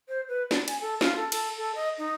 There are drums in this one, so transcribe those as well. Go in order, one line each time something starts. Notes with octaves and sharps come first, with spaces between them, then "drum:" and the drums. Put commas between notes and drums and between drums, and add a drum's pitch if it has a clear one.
C5
B4
D5, drum: snare
G#5, drum: cymbal
A4
F4, drum: snare
A4
A4, drum: cymbal
A4
D#5
D#4